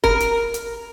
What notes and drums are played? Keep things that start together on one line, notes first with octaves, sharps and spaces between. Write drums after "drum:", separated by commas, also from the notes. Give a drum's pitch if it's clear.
A#4, drum: kick
drum: hi-hat
drum: hi-hat